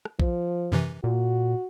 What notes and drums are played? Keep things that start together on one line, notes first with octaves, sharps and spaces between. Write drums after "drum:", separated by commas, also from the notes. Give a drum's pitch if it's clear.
drum: rim click
F3, drum: kick A#1
F#2 C3 E3
A#2 F#4